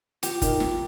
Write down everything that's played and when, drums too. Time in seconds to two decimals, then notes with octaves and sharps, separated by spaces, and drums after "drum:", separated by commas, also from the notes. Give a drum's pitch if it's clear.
0.23 F3 G4, drum: hi-hat
0.42 D#4 A#4, drum: kick, hi-hat
0.60 F3, drum: snare